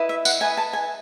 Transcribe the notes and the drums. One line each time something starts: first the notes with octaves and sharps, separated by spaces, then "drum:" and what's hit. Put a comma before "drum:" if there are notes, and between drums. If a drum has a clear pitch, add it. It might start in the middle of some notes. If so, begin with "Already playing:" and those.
Already playing: E4 B4 D#5
E5
F#5, drum: tambourine
E4 B4 D#5 G#5
A5
G#5